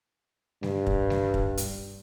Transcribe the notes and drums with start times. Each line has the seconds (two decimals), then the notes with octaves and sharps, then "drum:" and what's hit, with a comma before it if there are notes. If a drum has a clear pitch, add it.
0.63 G2, drum: snare G3
0.87 drum: kick
1.10 drum: snare G3
1.34 drum: kick
1.57 drum: hi-hat